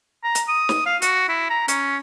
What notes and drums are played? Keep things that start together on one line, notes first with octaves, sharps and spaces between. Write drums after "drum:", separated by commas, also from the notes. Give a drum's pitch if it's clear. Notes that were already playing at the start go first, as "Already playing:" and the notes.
A#5
drum: hi-hat
D#6
drum: snare
F5
F#4, drum: hi-hat
E4
A#5
C#4, drum: hi-hat